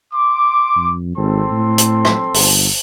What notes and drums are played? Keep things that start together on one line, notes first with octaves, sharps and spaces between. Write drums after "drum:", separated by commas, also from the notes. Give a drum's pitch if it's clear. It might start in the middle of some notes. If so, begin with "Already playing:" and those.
C6 D6
F2
G#1 C4 A4 C6
A2
drum: hi-hat
drum: rim click
G1, drum: open hi-hat